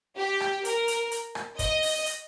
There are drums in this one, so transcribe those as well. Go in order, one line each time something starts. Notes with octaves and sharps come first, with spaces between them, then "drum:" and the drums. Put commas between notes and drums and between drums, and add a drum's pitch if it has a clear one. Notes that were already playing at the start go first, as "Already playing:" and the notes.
G4
drum: rim click
A#4, drum: hi-hat
drum: hi-hat
drum: hi-hat
drum: rim click
D#5, drum: kick, hi-hat
drum: open hi-hat
drum: hi-hat